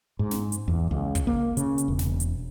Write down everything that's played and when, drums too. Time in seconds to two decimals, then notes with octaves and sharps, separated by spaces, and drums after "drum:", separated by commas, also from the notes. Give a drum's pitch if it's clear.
0.19 G#2
0.31 drum: snare
0.52 drum: hi-hat
0.68 E2
0.91 C#2
1.15 drum: kick, hi-hat
1.27 A#3
1.57 C#3, drum: hi-hat
1.78 drum: hi-hat
1.88 E1
1.99 drum: snare
2.20 drum: hi-hat